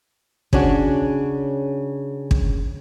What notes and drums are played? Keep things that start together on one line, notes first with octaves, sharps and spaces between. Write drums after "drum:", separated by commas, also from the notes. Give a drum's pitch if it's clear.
C#3 C#4 D4 F#4, drum: kick
drum: kick